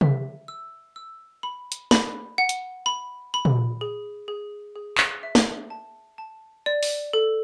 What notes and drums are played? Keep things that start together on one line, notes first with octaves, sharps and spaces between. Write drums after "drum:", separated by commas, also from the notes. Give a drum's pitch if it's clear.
E5, drum: tom C3
E6
E6
B5
drum: hi-hat
B5, drum: snare
F#5
drum: hi-hat
B5
B5
drum: tom A#2
G#4
G#4
G#4
drum: clap
E5
drum: snare
A5
A5
D5
drum: open hi-hat
A4